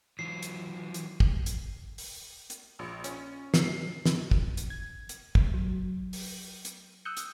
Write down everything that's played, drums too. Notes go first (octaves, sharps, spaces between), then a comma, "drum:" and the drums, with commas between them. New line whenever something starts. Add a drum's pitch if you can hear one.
E3 F#3 C7
drum: hi-hat
drum: hi-hat
drum: kick
drum: hi-hat
drum: open hi-hat
drum: hi-hat
A#1
C#4, drum: hi-hat
C7, drum: snare
drum: snare
drum: kick
drum: hi-hat
G#6
drum: hi-hat
drum: kick
F#3
drum: open hi-hat
drum: hi-hat
D#6 E6 F#6 G6 C#7
drum: hi-hat